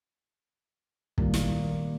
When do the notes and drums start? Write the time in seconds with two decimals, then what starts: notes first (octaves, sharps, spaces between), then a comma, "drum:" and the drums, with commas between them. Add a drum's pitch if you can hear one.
1.18 A#2 D#3 G3 A#3, drum: kick
1.34 drum: snare